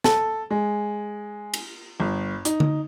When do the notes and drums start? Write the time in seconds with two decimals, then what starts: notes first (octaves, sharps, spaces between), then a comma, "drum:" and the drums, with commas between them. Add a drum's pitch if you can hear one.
0.04 A4, drum: snare
0.51 G#3
1.54 drum: cymbal
2.00 G1
2.45 D#4, drum: hi-hat
2.60 drum: tom D3